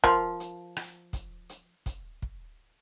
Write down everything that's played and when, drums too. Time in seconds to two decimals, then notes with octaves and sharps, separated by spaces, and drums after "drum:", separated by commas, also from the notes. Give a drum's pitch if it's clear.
0.04 F3 A#4, drum: kick
0.40 drum: hi-hat
0.77 drum: rim click
1.13 drum: kick, hi-hat
1.49 drum: hi-hat
1.86 drum: kick, hi-hat
2.22 drum: kick